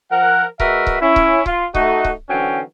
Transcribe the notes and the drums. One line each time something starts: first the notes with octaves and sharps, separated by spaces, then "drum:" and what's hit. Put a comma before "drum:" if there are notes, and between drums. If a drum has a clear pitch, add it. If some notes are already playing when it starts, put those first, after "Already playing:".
F3 A#4 F#5
G#3 F#4 A#4 B4 E5, drum: kick C#1
drum: kick C#1
C#4 E4
drum: kick C#1
F4, drum: kick C#1
A3 D#4 F#4, drum: kick C#1
drum: kick C#1
D3 E3 F#3 C4 C#4 G5